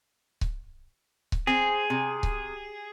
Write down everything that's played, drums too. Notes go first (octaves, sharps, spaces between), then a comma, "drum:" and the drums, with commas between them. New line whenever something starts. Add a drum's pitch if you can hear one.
drum: kick C#1
drum: kick C#1
C4 G#4
C3
drum: kick C#1